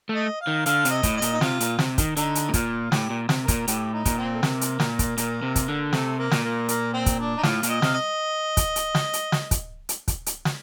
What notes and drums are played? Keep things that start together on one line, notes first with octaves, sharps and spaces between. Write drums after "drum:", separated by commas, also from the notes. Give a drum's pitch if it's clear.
A3
D#5
F5
D#3
D3 F5, drum: hi-hat
C3, drum: hi-hat
D#5
A2, drum: kick, hi-hat
D#5
A#2, drum: hi-hat
D#4
C3 F4, drum: snare
A#2, drum: hi-hat
C3, drum: snare
D#3, drum: kick, hi-hat
D3 D#4, drum: hi-hat
drum: hi-hat
A2
A#2 F4, drum: kick, hi-hat
A2 G4, drum: snare
A#2
C3, drum: snare
A#4
A#2, drum: kick, hi-hat
A2 G4, drum: hi-hat
D#4
A#2, drum: kick, hi-hat
C4
A3
C3 A#3, drum: snare
drum: hi-hat
A#2, drum: snare
drum: kick, hi-hat
A#2, drum: hi-hat
C3
drum: kick, hi-hat
D3
C3 A3, drum: snare
A#3
A#2, drum: snare
A#3
A#3, drum: hi-hat
C4
drum: kick, hi-hat
D4
D#4
A2 F4, drum: snare
A#2, drum: hi-hat
D#5
C3 F5, drum: snare
D#5
drum: kick, hi-hat
drum: hi-hat
drum: snare
drum: hi-hat
drum: snare
drum: kick, hi-hat
drum: hi-hat
drum: kick, hi-hat
drum: hi-hat
drum: snare